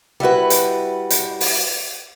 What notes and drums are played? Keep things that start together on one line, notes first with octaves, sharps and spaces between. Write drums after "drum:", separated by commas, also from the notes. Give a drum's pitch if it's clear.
G3 E4 F#4 B4
drum: hi-hat
drum: hi-hat
drum: open hi-hat